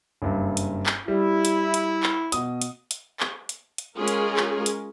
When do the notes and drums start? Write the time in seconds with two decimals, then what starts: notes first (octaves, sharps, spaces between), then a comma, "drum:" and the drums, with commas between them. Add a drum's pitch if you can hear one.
0.22 F#1 G2
0.57 drum: hi-hat
0.86 drum: clap
1.08 G3 E4
1.45 drum: hi-hat
1.74 drum: hi-hat
2.03 drum: clap
2.32 B2 D#6, drum: hi-hat
2.62 drum: hi-hat
2.91 drum: hi-hat
3.20 drum: clap
3.49 drum: hi-hat
3.78 drum: hi-hat
3.97 G#3 C#4 F4 G#4 A#4
4.08 drum: hi-hat
4.37 drum: clap
4.66 drum: hi-hat